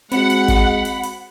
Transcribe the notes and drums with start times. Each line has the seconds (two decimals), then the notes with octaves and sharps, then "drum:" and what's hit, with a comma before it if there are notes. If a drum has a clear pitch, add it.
0.12 G#3 C4 F#4 F#5 B5, drum: hi-hat
0.30 drum: hi-hat
0.48 drum: kick, hi-hat
0.85 drum: hi-hat
1.03 drum: hi-hat